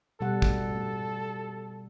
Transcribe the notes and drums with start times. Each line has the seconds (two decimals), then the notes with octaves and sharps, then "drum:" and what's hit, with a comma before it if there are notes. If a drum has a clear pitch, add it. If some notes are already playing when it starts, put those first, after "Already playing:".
0.21 B2 G3 A4 F#5
0.42 drum: kick